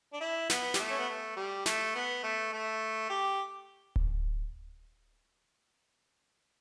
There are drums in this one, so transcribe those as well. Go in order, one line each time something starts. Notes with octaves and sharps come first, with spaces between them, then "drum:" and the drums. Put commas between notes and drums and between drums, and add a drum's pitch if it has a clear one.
D4
E4
B3, drum: snare
G3, drum: snare
A3
C#4
B3
A3
G3
A3, drum: snare
B3
A3
A3
G4
drum: kick D1